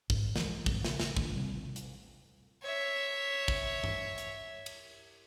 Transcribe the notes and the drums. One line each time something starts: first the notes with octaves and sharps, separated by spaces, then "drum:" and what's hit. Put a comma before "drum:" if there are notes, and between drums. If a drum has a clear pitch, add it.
G#2, drum: kick
E3 F3 G#3, drum: snare
D#2 G#2 B2 G3, drum: kick
C#3, drum: snare
drum: snare
A2 D#3 A3 D4, drum: kick
C3 G3 C4
drum: hi-hat
C#5 E5
drum: kick
drum: tom G2
drum: hi-hat
drum: cymbal